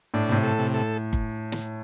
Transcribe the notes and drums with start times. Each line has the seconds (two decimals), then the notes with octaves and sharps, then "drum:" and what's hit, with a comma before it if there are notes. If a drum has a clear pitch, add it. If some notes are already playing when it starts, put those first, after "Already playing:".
0.14 A2 D4
0.29 A2 C3
0.43 A4
0.59 C3
0.74 A4
1.13 drum: kick G1
1.52 drum: snare